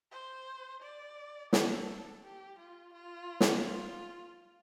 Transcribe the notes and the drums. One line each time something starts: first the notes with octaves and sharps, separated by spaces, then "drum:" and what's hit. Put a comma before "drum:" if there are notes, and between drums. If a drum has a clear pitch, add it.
C5
D5
A4, drum: snare
G4
F4
F4
drum: snare
F4